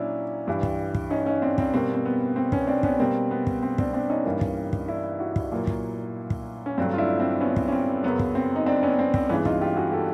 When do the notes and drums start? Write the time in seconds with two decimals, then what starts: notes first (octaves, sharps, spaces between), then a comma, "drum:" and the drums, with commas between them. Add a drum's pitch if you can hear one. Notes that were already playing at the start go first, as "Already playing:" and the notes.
Already playing: A#2 F#3 C#4 D4 E4
0.47 G2 E3 G3
0.63 drum: kick
0.95 drum: kick
1.10 C#4 D#4
1.26 C#4 D#4
1.42 C4 D4
1.58 C4 D4, drum: kick
1.74 B2 G3 A#3 C4
1.94 C4
2.05 B3
2.36 C4
2.52 B3 C#4, drum: kick
2.67 C4 D4
2.83 B3 C#4, drum: kick
2.99 B2 G3 A#3 C4
3.31 B3
3.47 drum: kick
3.63 C4
3.78 C4 D4, drum: kick
3.93 C4 D4
4.10 C#4 D#4
4.25 G2 E3 G3 A#3
4.41 drum: kick
4.73 drum: kick
4.88 D4 E4
5.19 E4 F#4
5.36 drum: kick
5.52 A#2 F#3 A#3
5.67 drum: kick
6.30 drum: kick
6.66 C#4
6.78 G2 D3 F#3 A3 C4 D4
6.93 F4
6.98 D4 E4
7.19 C4 D4
7.41 B3 C#4
7.56 drum: kick
7.68 C#4
7.72 C4
8.03 F#2 C#3 F#3 A#3 B3
8.19 drum: kick
8.35 C4
8.56 D#4
8.66 C4 D4
8.83 B3 C#4
8.99 C4
9.14 C4, drum: kick
9.29 G2 E3 G#3 B3 C#4
9.45 D#4 F4, drum: kick
9.61 F4 G4
9.76 F#4 G#4
9.92 G4 A4